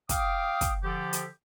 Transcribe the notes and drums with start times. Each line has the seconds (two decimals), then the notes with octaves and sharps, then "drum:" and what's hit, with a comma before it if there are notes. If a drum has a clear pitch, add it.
0.09 F5 G5 D6 D#6, drum: kick, hi-hat
0.61 drum: kick, hi-hat
0.83 D3 F3 G4
1.13 drum: hi-hat